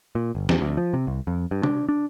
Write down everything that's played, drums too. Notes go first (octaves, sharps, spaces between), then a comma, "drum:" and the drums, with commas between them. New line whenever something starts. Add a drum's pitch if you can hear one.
A#2
G1
E2, drum: snare
D2
F3
C3
C2
F2
G2
D4, drum: tom
D4